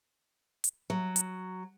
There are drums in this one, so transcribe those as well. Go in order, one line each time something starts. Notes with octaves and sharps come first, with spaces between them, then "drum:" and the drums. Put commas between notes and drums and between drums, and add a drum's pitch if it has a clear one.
drum: hi-hat
F#3
drum: hi-hat